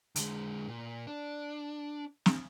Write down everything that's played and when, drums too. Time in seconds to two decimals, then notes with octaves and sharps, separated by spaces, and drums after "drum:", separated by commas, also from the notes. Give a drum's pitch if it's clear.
0.16 D3 G#3, drum: hi-hat
0.68 A#2
1.07 D4
2.26 drum: snare